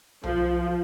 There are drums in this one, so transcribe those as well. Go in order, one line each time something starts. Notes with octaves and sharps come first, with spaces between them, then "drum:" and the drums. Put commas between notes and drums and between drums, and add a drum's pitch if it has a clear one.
F3, drum: tom B1